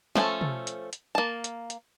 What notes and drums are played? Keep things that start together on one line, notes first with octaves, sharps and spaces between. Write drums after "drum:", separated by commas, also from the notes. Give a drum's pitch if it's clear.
F3 A3 C#4 A4, drum: snare
drum: tom
drum: hi-hat
drum: hi-hat
A#3 A5
drum: hi-hat
drum: hi-hat